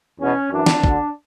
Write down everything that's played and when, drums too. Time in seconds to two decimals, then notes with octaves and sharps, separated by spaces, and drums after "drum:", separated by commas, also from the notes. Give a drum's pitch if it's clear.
0.20 E2 B2 C#4
0.51 F#2 E3 D4
0.66 drum: snare
0.84 D2 D3, drum: kick